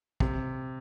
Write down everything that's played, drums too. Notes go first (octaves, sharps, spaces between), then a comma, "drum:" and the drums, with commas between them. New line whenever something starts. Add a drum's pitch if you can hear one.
C3, drum: kick